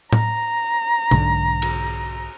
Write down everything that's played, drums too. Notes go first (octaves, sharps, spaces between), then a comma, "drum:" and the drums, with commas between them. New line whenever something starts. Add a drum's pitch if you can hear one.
A#5, drum: tom A2
B1 G#2 D3, drum: tom
drum: cymbal